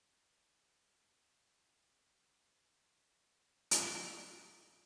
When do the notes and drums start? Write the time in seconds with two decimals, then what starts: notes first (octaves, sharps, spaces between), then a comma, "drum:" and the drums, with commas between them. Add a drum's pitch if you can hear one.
0.25 E4
0.90 C2 F2
1.31 A3
1.66 F1 C#2 B3 F#4 B4 G6 A#6
2.53 E3
3.33 C#4 D#4
3.71 drum: hi-hat